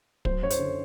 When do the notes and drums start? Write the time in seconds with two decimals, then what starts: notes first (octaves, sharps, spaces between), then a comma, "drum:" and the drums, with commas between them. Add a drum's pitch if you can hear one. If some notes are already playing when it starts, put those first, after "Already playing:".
0.25 F#3 C5, drum: kick
0.42 F#2 C#5
0.50 C5, drum: hi-hat
0.59 D3